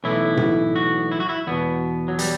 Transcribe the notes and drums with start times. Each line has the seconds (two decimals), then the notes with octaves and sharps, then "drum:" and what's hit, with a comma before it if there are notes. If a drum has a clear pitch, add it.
0.04 B1 A2 E3 E4
0.37 drum: tom A2
0.76 F#4
1.12 E4
1.20 F#4
1.29 E4
1.47 E2 B2 B3
2.08 F#3
2.19 G3, drum: hi-hat